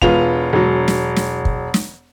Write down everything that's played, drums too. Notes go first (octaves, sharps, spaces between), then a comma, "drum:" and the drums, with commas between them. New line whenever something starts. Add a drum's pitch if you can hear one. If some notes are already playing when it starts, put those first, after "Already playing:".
E1 B3 F4 F7, drum: kick
E1 F#3
drum: snare
drum: snare
drum: kick
drum: snare